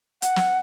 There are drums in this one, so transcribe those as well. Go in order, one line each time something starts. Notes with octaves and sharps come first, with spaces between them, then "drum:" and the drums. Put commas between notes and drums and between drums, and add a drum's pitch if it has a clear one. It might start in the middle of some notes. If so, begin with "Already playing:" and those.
F#5, drum: hi-hat
drum: snare